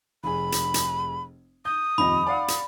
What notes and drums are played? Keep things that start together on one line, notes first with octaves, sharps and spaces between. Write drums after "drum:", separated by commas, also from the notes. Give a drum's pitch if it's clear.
F1 G#4 B5
drum: hi-hat
drum: hi-hat
D#6 G6
D#1 F2 D#5 B5
D5 F5 F#5
drum: hi-hat